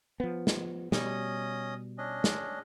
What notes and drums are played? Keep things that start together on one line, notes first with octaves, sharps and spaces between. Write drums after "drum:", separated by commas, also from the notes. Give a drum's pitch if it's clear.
F3 B3
drum: snare
B2 G3 C#4 D#5 D#6, drum: snare
C#4 D4 D#5
drum: snare